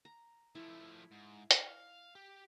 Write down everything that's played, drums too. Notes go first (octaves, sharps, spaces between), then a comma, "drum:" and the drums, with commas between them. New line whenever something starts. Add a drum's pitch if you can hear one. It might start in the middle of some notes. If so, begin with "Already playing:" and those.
A#5
F3 A3 E4
G#2
F5, drum: hi-hat
G4